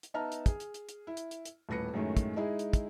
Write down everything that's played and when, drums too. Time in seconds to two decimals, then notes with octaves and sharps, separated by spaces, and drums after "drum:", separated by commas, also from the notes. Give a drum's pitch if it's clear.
0.03 drum: hi-hat
0.14 B3 D#4 E5 A5 A#5 F6
0.32 drum: hi-hat
0.46 G#4, drum: kick, hi-hat
0.60 drum: hi-hat
0.74 drum: hi-hat
0.89 drum: hi-hat
1.07 E4
1.17 drum: hi-hat
1.31 drum: hi-hat
1.45 drum: hi-hat
1.69 D#1 A2 B4 A#6 C#7
1.93 F#2 A2 D#3 G#3 A3 C#4
2.17 drum: kick, hi-hat
2.36 G#3 D#4 E4 G#4
2.59 drum: hi-hat
2.73 drum: kick, hi-hat